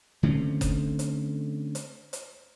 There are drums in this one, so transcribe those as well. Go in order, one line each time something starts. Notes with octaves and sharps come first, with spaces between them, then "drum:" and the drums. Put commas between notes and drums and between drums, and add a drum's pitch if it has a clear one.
D3 A3 C4 C#4
drum: kick F#1, hi-hat
drum: hi-hat
drum: hi-hat
drum: hi-hat